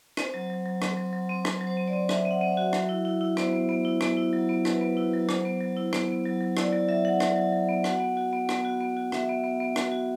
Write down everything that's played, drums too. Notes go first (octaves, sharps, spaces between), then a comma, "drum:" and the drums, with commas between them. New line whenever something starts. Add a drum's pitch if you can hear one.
C4 C5, drum: rim click
F#3
F#3
F#3
C4, drum: rim click
F#3
F#3
C4
F#3, drum: rim click
F#3
C5
C4
D5
C4
C4 E5, drum: rim click
C4
F#5
C4
E5
F#4
F#3, drum: rim click
E4
E4
E4
B3 C5, drum: rim click
B3
B3
E4
B3, drum: rim click
E4
F#3
B3
F#3 B4, drum: rim click
B3
E4
F#3
F#3 C5, drum: rim click
B3
F#3
E4
B3, drum: rim click
B3
F#3
F#3
E4 D5, drum: rim click
F#3 D5
F#3 E5
F#3 F#5
F#3, drum: rim click
F#3
F#3
B3
F#4 F#5, drum: rim click
B3
F#4
B3
B3, drum: rim click
F#4
B3
F#4
F#4 E5, drum: rim click
B3
B3
B3
F#4, drum: rim click
F#4